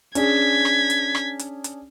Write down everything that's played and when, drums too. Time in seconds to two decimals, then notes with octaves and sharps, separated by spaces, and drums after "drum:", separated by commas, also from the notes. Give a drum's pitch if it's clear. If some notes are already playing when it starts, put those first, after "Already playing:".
0.15 C#4 D4 G#4 G#6 B6, drum: hi-hat
0.65 drum: rim click
0.90 drum: hi-hat
1.15 drum: rim click
1.39 drum: hi-hat
1.64 drum: hi-hat